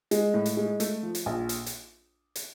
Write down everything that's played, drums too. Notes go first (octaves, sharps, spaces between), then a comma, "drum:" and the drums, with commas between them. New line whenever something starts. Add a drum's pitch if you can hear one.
G#3, drum: hi-hat
A2
drum: hi-hat
G#3
A3, drum: hi-hat
F3
drum: hi-hat
A#1
drum: hi-hat
drum: hi-hat
drum: hi-hat